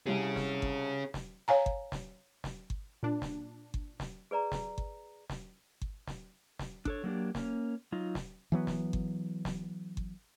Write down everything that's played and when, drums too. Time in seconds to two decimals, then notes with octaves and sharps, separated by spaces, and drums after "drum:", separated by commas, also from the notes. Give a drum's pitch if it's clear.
0.06 C2 C3 C#4 G#4
0.36 drum: snare
0.62 drum: kick G1
1.14 drum: snare
1.48 C#5 F5 G#5 A#5
1.66 drum: kick G1
1.92 drum: snare
2.44 drum: snare
2.70 drum: kick G1
3.03 A#2 D4
3.22 drum: snare
3.74 drum: kick G1
4.00 drum: snare
4.31 G#4 B4 D5 A#5
4.52 drum: snare
4.78 drum: kick G1
5.30 drum: snare
5.82 drum: kick G1
6.07 drum: snare
6.59 drum: snare
6.85 D4 A4 C#5, drum: kick G1
7.04 F#3 A#3 D4 G4
7.35 A#3 C#4, drum: snare
7.92 F#3 D#4 F4
8.15 drum: snare
8.52 E3 F#3 B3
8.67 drum: snare
8.93 drum: kick G1
9.45 drum: snare
9.97 drum: kick G1